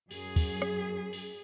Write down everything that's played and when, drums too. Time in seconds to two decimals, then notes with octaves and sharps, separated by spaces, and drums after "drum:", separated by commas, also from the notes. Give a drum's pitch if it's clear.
0.11 F#2 G#4, drum: cymbal
0.36 drum: kick, cymbal
0.62 drum: rim click
1.13 drum: cymbal